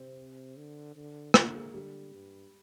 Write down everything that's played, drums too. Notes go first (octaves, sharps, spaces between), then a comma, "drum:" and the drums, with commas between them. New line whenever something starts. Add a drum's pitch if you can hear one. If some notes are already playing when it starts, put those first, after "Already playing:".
Already playing: C3 C4
D3
D3
D3 A#3, drum: rim click
A#3
G#3
D3 G3
G2